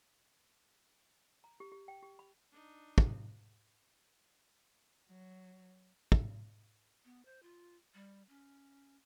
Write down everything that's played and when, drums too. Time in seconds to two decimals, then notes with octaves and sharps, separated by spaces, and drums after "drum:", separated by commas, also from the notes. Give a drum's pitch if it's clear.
1.44 A#5
1.60 G4
1.72 G4
1.88 G5
2.03 G4
2.19 B5
2.52 D4 D#4
2.98 drum: kick
5.09 F#3
6.12 drum: kick
7.05 B3
7.25 C5
7.43 F4
7.94 G3
8.29 C#4